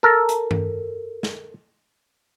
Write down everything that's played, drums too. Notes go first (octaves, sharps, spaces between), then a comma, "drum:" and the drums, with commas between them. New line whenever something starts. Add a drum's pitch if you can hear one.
A4 A#4
drum: hi-hat
drum: tom G2
drum: snare